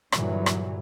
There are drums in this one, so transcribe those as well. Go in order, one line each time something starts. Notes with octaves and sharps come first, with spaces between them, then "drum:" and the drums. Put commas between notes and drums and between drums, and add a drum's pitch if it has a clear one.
G2 A#2 D3 E3 F#3, drum: rim click
drum: rim click